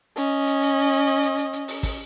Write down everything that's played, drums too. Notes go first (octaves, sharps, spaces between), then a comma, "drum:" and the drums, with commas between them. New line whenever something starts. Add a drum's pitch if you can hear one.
C#4 D#5, drum: hi-hat
drum: hi-hat
drum: hi-hat
drum: hi-hat
drum: hi-hat
drum: hi-hat
drum: hi-hat
drum: hi-hat
drum: open hi-hat
drum: kick, open hi-hat